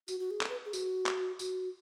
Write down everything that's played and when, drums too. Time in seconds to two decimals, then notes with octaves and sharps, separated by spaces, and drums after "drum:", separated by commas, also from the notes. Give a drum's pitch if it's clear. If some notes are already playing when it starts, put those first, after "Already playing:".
0.08 F#4, drum: tambourine
0.20 F#4
0.31 G#4
0.41 A4, drum: clap
0.49 B4
0.65 G#4
0.73 F#4, drum: tambourine
1.06 drum: clap
1.39 F#4, drum: tambourine